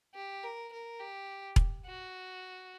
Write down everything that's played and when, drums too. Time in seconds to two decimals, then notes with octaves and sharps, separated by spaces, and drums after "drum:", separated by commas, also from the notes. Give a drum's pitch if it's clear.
0.15 G4
0.43 A#4
0.72 A#4
1.00 G4
1.56 drum: kick E1
1.86 F#4